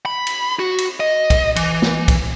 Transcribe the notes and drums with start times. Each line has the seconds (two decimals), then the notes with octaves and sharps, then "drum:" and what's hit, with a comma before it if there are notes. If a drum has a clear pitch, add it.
0.06 B5
0.27 drum: cymbal
0.59 F#4
0.78 drum: cymbal
1.00 D#5
1.30 drum: kick, cymbal
1.56 E3, drum: cymbal
1.82 drum: snare
2.08 drum: kick, cymbal